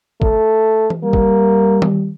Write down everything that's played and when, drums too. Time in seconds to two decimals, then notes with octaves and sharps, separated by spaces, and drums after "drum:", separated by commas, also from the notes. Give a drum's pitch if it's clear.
0.22 A3, drum: kick
0.90 drum: tom E3
1.04 G3 A#3
1.13 drum: kick
1.82 drum: tom D#3